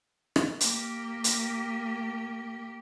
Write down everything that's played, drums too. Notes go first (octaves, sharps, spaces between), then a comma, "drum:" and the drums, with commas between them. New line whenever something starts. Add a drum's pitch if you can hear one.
drum: rim click
A#3 G4, drum: hi-hat
drum: hi-hat